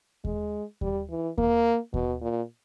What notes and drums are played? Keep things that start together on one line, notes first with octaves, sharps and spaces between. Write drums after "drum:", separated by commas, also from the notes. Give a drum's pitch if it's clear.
G#3, drum: kick D#2
G3, drum: kick D#2
E3
A#3, drum: kick D#2
B2, drum: kick D#2
A#2